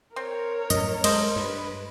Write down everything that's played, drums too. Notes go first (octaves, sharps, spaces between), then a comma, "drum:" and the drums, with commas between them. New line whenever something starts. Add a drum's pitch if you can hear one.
C4 A#4 C#5
F#2 A2 D#5, drum: hi-hat
G#3 A4 C5 D#5, drum: cymbal
G2 B4